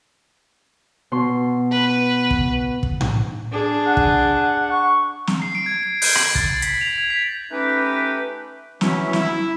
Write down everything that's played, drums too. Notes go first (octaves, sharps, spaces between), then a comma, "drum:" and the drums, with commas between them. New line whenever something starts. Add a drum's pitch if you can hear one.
B2 C6
B4
drum: kick
drum: kick
drum: tom A2
D4 G#4
F#5
drum: kick
C#6
drum: snare
C7
D7
G#6
D7
G6, drum: open hi-hat
F#7, drum: rim click
A6, drum: kick
A6
B6, drum: hi-hat
F7
G#6
B6
A3 C#4 D#4 G4 B4
E3 F#3 C#4 E4, drum: snare
E4, drum: snare